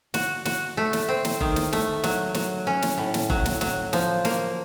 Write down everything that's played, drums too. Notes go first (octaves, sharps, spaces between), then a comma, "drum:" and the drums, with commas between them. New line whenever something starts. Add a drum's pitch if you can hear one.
F#4, drum: snare
F#4, drum: snare
A3
drum: snare
C4
drum: snare
D#3, drum: kick F#1
drum: snare
A3, drum: snare
F#3, drum: snare
F#3, drum: snare
C#4
drum: snare
A2
drum: snare
F#3, drum: kick F#1
drum: snare
F#3, drum: snare
F3, drum: snare
A#3, drum: snare